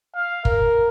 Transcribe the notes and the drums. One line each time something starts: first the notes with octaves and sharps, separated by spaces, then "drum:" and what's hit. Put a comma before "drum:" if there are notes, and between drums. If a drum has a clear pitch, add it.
F5
A#4, drum: kick